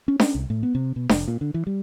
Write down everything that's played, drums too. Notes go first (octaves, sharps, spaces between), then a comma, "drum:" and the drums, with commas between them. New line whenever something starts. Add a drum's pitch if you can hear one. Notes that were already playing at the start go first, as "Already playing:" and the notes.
C#4
C#4, drum: snare D4
C2
A2
B3
C3
B2
F1, drum: snare D4
A#2
D3
E3
G3